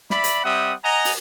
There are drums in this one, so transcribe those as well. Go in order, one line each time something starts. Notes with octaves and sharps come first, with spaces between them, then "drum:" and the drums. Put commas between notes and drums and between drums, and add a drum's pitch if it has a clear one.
D5 E5 B5, drum: snare
drum: hi-hat
G3 C4 E5 F#5 D#6
D#5 F#5 G#5 A#5
drum: open hi-hat